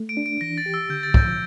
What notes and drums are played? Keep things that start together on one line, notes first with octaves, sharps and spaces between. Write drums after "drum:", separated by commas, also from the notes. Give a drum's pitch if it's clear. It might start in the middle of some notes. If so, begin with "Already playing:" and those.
Already playing: A3
D7
D4
D7
E3 A#6
A6
G4
E6
D3 G6
A6
F3 G6, drum: kick